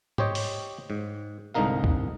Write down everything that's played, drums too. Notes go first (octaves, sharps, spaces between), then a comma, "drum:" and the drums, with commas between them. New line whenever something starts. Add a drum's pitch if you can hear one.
G4 C5 C#5 D#5 G5, drum: tom
drum: open hi-hat
G#2
C2 G#2 D3 D#4 A#4 F5
drum: kick C#2